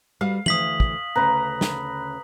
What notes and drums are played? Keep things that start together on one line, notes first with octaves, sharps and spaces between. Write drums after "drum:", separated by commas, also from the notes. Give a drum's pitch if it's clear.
G3 F#4 B4 F5
D2 E3 D#6 B6 F#7, drum: tom
drum: kick
D2 C#3 C#4 B4 A#5
drum: snare